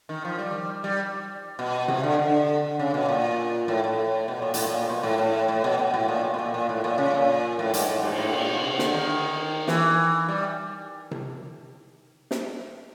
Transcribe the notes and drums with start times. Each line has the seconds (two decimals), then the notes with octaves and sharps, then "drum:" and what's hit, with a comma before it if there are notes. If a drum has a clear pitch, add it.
0.09 D#3
0.25 F3
0.38 G3
0.84 G3
1.59 B2
1.88 C3, drum: tom C3
2.03 D3
2.19 D3
2.79 C#3
2.94 B2
3.09 A#2
3.68 A2
3.84 A2
4.28 B2
4.42 A#2
4.54 A2, drum: hi-hat
4.67 A#2
4.89 B2
5.03 A2
5.18 A2
5.48 A2
5.64 B2
5.79 B2
5.94 A2
6.08 A#2
6.24 B2
6.34 B2
6.39 A#2
6.54 A#2
6.69 A2
6.84 A#2
6.98 C#3
7.14 A#2
7.59 A2
7.74 G#2, drum: hi-hat
7.89 A2
8.03 G#2, drum: cymbal
8.18 A2
8.33 A#2
8.49 B2
8.64 C3
8.79 D3, drum: snare
8.93 D#3
9.68 E3, drum: snare
10.28 G3
11.11 drum: tom C3
12.31 drum: snare